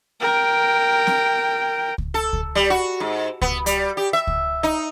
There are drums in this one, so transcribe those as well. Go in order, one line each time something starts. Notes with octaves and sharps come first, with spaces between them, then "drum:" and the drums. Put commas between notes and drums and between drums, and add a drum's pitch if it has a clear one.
A#4 G5
drum: snare C4
drum: kick C#2
A4
drum: kick C#2
G3
F#4
G#2
B3, drum: kick C#2
G3, drum: hi-hat
G4
E5
drum: kick C#2
D#4